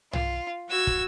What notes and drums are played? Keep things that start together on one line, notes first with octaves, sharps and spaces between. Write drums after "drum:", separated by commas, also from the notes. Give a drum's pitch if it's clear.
F4, drum: tom B1
F#4 E6 G#6
drum: kick